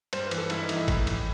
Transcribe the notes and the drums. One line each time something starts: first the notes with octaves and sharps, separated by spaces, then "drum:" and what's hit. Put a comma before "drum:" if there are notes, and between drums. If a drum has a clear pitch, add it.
G2 C5, drum: cymbal
B4
E3, drum: cymbal
A4
G2 E4, drum: cymbal
D#4
E3, drum: cymbal
E4
A2, drum: kick, cymbal
E3, drum: cymbal